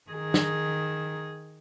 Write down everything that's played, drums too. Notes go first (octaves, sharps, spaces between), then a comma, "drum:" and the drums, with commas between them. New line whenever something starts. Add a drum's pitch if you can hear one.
D#3 G#4
drum: snare